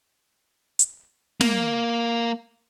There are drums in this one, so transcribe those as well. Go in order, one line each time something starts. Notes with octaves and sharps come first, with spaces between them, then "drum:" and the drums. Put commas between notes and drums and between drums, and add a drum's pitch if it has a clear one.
drum: hi-hat
A#3, drum: snare